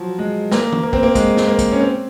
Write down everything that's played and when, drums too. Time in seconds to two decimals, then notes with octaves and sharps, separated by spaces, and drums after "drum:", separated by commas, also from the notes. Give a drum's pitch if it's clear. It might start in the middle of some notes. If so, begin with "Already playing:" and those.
Already playing: F3 F#3
0.19 G#3
0.52 A#3, drum: snare
0.72 drum: tom E3
0.83 A#3
0.93 C4, drum: kick
1.03 A#3
1.15 G#3, drum: kick, hi-hat
1.37 drum: snare
1.48 A#3
1.59 drum: kick, hi-hat
1.72 C#4
1.80 C4